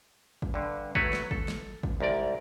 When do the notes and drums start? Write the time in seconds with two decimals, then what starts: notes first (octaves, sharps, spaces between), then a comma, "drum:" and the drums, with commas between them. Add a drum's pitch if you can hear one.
0.42 drum: kick
0.54 G2 D3
0.95 F#3 A3 F#4 B4 C#5, drum: kick
1.13 drum: snare
1.31 A4, drum: kick
1.48 drum: snare
1.83 drum: kick
2.00 C2 G#2 A#4 D5